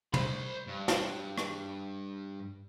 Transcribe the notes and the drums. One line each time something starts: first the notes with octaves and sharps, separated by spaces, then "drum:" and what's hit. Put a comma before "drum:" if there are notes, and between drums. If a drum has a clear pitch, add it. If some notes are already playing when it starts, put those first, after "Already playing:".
C5 B5, drum: tom
G2
drum: snare
drum: rim click